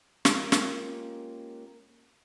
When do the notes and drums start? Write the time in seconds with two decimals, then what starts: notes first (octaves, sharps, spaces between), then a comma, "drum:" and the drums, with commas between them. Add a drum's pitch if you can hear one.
0.25 G#3 A#3 C#4 F4 G4 A#4, drum: snare
0.52 drum: snare